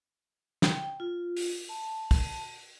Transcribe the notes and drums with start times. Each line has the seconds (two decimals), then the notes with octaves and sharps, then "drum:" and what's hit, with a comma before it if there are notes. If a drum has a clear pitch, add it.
0.62 G5, drum: snare
1.00 F4
1.37 drum: open hi-hat
1.69 A5
2.11 drum: kick, open hi-hat